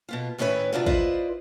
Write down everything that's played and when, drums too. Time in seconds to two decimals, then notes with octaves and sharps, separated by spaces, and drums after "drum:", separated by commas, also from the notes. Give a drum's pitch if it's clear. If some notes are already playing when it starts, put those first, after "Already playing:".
0.09 B2 B3 F4
0.38 A2 D#3 C#4 E4 B4 C#5
0.73 C3 D4 F4 F#4
0.86 E4 F4 B4 C5 D5 D#5, drum: kick